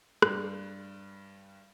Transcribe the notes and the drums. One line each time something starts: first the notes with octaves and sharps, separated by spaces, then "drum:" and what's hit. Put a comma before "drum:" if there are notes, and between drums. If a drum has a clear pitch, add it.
G2 G3, drum: rim click